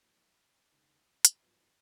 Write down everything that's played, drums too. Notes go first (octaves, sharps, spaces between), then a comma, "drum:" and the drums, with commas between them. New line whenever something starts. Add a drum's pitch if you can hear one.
G#2 F3 A#3
D#2 C#3 G#3 B3 D#4
drum: hi-hat
G#2 D#3 F#3 B3 F4